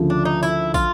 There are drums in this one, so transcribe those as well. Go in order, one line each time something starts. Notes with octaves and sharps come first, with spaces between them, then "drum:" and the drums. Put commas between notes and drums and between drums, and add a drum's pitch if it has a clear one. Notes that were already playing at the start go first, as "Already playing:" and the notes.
Already playing: D2 C#3 F3
D4
D#4
E4, drum: tambourine
F4, drum: kick, tambourine